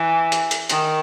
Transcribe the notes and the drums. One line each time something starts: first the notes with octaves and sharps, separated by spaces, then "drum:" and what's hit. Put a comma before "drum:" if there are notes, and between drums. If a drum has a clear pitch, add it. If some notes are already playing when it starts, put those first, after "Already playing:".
Already playing: E3
drum: hi-hat
drum: hi-hat
D#3, drum: hi-hat